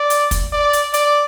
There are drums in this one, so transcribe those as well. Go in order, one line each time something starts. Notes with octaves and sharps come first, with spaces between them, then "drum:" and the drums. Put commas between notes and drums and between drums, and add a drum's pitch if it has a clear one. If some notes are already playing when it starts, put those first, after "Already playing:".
Already playing: D5
drum: hi-hat
drum: kick, hi-hat
D5
drum: hi-hat
D5, drum: hi-hat